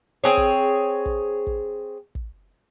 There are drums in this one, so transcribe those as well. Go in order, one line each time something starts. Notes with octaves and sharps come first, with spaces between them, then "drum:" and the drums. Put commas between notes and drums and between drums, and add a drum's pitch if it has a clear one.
C4 G#4 C#5
drum: kick
drum: kick
drum: kick
drum: kick